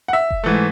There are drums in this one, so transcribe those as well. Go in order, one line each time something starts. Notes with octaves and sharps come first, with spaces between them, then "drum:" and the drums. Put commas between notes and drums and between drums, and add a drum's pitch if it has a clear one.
F#5
E5
drum: kick F1
G#2 E3 A3